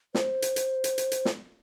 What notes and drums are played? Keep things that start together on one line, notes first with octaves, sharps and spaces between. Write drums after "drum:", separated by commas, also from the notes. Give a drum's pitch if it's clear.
C5, drum: snare
drum: hi-hat
drum: hi-hat
drum: hi-hat
drum: hi-hat
drum: hi-hat
drum: snare